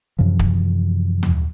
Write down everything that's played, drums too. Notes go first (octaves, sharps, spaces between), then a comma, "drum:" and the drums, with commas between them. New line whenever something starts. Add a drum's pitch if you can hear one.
F#2 C3 E3 F3
drum: kick
drum: tom D#2